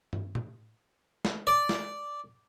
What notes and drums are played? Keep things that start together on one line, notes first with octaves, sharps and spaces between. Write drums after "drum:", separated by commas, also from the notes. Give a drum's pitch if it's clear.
drum: tom
drum: tom A2
drum: snare
D5
drum: snare